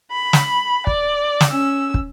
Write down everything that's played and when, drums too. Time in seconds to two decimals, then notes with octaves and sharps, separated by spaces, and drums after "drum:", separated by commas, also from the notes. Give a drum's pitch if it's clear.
0.11 B5
0.33 drum: snare
0.87 D5, drum: kick
1.41 drum: snare
1.51 C#4 E6
1.94 drum: kick